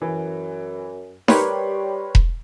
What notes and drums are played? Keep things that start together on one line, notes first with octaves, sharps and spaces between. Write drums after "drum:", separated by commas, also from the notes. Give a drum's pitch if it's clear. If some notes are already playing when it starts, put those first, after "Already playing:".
F#2 E3
G3 G4 A#4 B4 C#5 B5 C6, drum: snare D#4
drum: kick E1